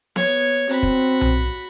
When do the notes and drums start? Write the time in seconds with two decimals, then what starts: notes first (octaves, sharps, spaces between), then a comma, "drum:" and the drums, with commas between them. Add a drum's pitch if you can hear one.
0.16 B3 C#5, drum: snare B3
0.69 C4 F#4 B5, drum: hi-hat
0.83 drum: kick
1.21 drum: tom B1